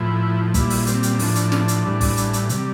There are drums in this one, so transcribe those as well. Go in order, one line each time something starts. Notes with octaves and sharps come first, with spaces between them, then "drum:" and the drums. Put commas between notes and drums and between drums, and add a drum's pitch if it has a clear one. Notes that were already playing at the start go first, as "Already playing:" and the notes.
Already playing: A2 F3 E4
A#2 G3 E4, drum: kick, hi-hat
drum: open hi-hat
C4, drum: hi-hat
drum: hi-hat
C4
A2 F3 D4, drum: open hi-hat
drum: hi-hat
drum: snare
drum: hi-hat
A2 E3 G3
drum: kick, open hi-hat
drum: hi-hat
drum: hi-hat
C3 G3, drum: hi-hat